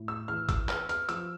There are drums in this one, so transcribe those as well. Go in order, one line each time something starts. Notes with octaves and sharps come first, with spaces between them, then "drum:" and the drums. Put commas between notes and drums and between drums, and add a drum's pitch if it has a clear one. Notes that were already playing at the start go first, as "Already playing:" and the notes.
Already playing: A2
E6
E3 F6
E6, drum: kick, hi-hat
B3 F6, drum: clap
F6, drum: hi-hat
F3 E6, drum: hi-hat